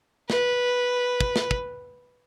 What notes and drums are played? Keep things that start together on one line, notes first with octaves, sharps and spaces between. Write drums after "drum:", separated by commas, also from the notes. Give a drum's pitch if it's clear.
B4, drum: snare
drum: kick
drum: snare
drum: kick